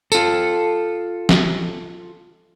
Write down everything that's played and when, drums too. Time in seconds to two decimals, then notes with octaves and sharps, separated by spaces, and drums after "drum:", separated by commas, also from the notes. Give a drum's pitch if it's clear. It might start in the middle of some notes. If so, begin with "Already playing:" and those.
0.12 F4 A4, drum: tambourine
1.29 drum: snare